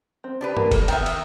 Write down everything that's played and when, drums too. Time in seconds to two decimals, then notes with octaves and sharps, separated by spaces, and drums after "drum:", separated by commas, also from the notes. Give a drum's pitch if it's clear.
0.24 C4
0.41 D4 G4 B4
0.57 A#3, drum: tom G2
0.71 A4, drum: kick F1, cymbal
0.88 D#3 B3 E5 G5, drum: cymbal
1.06 drum: cymbal